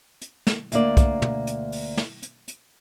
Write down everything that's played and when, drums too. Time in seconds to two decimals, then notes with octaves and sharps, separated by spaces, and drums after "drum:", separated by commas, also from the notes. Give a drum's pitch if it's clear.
0.21 drum: hi-hat
0.47 drum: snare
0.72 D2 A#3 D5, drum: hi-hat
0.97 drum: kick, hi-hat
1.22 drum: tom
1.47 drum: hi-hat
1.72 drum: open hi-hat
1.97 drum: snare
2.23 drum: hi-hat
2.48 drum: hi-hat